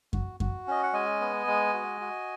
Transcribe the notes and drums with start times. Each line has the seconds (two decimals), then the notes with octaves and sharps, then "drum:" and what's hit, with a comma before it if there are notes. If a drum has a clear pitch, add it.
0.13 F#4, drum: kick F#2
0.40 F#4, drum: kick F#2
0.67 C#4 D#5
0.83 F#5
0.93 G#3 D#5 G#5
1.21 B3
1.47 G#3
1.74 F#4
2.01 F#4